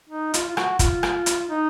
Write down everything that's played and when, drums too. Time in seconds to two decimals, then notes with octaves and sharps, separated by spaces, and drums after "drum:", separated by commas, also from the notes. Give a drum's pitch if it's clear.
0.09 D#4
0.34 F4, drum: hi-hat
0.49 F4
0.57 F#4, drum: rim click
0.79 F4, drum: kick, hi-hat
1.03 drum: rim click
1.26 drum: hi-hat
1.50 D#4